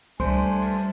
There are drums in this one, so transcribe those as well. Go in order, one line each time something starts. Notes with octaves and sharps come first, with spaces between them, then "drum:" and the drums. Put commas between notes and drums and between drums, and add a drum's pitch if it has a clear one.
G3 A3 D4 C5 G#5, drum: kick C2, cymbal
drum: cymbal